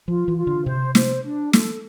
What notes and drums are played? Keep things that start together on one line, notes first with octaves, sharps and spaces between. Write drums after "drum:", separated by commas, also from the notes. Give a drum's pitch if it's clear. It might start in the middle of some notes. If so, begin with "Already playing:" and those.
F3 F4
E3
F4
D3
C3 C5
C5, drum: snare
D4
A4, drum: snare